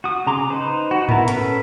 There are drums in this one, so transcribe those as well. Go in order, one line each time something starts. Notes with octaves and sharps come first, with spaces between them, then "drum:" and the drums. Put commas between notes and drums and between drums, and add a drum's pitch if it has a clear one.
F#4 D#6
C#3 A#5 C6 D6
D#4 B4 C5
F#4
B3 E4 A#4, drum: tom G#2
C#4 A4 B4, drum: hi-hat